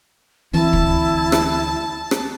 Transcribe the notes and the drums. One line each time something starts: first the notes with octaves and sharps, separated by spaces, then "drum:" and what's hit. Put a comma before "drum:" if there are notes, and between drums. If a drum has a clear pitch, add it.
D2 E3 C4 E4 A5
drum: kick
drum: rim click
drum: rim click